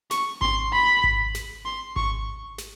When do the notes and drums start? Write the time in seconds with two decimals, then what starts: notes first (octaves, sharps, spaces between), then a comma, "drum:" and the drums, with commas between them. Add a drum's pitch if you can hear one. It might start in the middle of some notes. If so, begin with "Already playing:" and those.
0.11 C#6, drum: snare
0.41 C6, drum: kick G#1
0.73 B5
1.04 drum: kick G#1
1.35 drum: snare
1.65 C6
1.96 C#6, drum: kick G#1
2.58 drum: snare